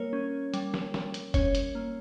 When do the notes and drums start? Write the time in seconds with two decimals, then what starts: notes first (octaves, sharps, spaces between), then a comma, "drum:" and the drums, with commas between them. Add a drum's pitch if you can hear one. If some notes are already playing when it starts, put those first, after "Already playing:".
Already playing: G3 A#3 A#4 C#5
0.13 C#4
0.54 G3, drum: hi-hat
0.74 drum: snare
0.94 G3, drum: snare
1.14 drum: hi-hat
1.34 C#4 C#5, drum: kick F#1, hi-hat
1.55 drum: hi-hat
1.75 A#3